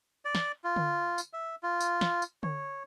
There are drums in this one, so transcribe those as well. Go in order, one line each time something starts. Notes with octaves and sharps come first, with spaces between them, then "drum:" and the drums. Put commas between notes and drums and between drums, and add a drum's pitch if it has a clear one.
D5
drum: snare
F4
drum: tom D3
drum: tambourine
E5
F4
drum: tambourine
drum: snare
drum: tambourine
C#5, drum: tom D3